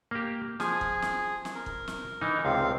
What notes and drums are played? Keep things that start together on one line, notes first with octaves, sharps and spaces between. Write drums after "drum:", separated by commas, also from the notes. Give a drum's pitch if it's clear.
A#3 G4
F3 G#4 G#5, drum: snare
drum: kick
drum: snare
drum: snare
A#4
drum: kick
drum: snare
E3 D#4
C#2 C3 C4 F5